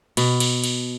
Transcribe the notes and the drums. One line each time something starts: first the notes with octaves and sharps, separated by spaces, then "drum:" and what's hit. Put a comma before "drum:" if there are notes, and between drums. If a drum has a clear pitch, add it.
B2, drum: cymbal
drum: cymbal
drum: cymbal